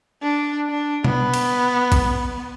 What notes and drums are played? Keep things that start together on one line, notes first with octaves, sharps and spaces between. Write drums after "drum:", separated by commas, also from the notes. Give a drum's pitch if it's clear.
D4
D4
B3, drum: tom B2
drum: cymbal
drum: kick A#1, cymbal